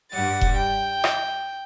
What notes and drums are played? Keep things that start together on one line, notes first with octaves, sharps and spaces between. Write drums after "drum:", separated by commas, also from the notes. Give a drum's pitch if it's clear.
G2 G3 F#5 A6
drum: kick E1
G5
drum: rim click